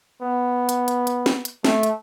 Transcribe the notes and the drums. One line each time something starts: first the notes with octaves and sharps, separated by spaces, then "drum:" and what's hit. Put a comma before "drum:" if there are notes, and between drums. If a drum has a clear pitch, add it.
B3
drum: hi-hat
drum: hi-hat
drum: hi-hat
drum: snare
drum: hi-hat
A3, drum: snare
drum: hi-hat